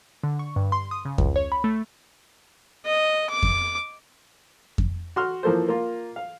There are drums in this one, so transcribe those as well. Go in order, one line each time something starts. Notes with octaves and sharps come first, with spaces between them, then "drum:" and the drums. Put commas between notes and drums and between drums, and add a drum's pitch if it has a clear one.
D3
C#6
G2
C6
D#6
C#3
C#2, drum: kick F2
C#5
B5
A3
D#5
D6
drum: kick F2
drum: kick F2
F#4 C6 F6
E3 F3 A#3 A4 C5
A#3 F4
F5